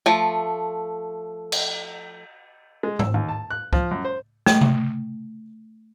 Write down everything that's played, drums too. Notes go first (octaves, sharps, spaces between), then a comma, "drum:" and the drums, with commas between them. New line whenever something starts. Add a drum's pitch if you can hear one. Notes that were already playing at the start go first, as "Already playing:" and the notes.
F3 A3
drum: cymbal
G#3
E6, drum: tom G#2
D#2
A5
F#6
F3, drum: kick
F#2
C5
A3, drum: snare
drum: tom C3